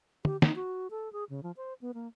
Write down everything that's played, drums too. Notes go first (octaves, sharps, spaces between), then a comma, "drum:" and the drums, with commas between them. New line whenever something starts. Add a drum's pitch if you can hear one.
G4, drum: tom
D#4, drum: snare
F#4
A4
G#4
C#3
F3
C5
B3
A#3